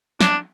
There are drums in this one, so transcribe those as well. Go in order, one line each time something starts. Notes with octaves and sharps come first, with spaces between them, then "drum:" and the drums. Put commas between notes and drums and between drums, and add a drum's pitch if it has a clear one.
D4, drum: snare